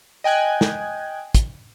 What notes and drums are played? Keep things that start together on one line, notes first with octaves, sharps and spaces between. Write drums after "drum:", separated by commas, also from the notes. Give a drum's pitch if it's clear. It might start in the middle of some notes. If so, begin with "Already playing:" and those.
D#5 G5 G#5 F#6 G#6
drum: snare
drum: kick, hi-hat